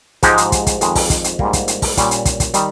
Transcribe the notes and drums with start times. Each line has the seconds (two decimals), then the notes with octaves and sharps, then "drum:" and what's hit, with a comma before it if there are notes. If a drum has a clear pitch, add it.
0.23 G#2 F3 G#3 D#4 G4, drum: kick, hi-hat
0.38 drum: hi-hat
0.52 drum: kick, hi-hat
0.67 drum: kick, hi-hat
0.81 F2 D#3 G#3, drum: hi-hat
0.95 drum: kick, open hi-hat
1.10 drum: kick, hi-hat
1.24 drum: hi-hat
1.39 G#2 G3 A#3 F4, drum: kick
1.53 drum: kick, hi-hat
1.68 drum: hi-hat
1.82 drum: kick, open hi-hat
1.97 A#2 G3 C#4, drum: kick, hi-hat
2.11 drum: hi-hat
2.25 drum: kick, hi-hat
2.40 drum: kick, hi-hat
2.54 D#3 G3, drum: hi-hat